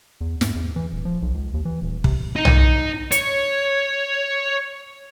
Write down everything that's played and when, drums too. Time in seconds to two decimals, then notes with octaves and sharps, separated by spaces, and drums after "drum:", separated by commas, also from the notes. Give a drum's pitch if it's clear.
0.21 E2
0.41 G#2, drum: snare
0.55 E2
0.76 E3
0.92 D#1
1.05 F3
1.22 B1
1.34 C#2
1.54 D#2
1.65 E3
1.82 D#1
2.04 C3, drum: kick
2.36 D#4
2.45 drum: tom B1
3.12 C#5, drum: hi-hat